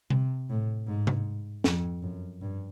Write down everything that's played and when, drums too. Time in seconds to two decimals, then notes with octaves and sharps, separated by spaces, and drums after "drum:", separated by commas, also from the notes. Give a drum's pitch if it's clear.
0.10 C3, drum: tom C3
0.49 A2
0.87 G#2
1.07 drum: tom C3
1.64 F2, drum: snare
2.02 F#2
2.41 G2